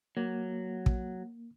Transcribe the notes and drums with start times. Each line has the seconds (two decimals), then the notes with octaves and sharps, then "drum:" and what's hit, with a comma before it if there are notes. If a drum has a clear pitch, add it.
0.17 F#3 A#3
0.86 drum: kick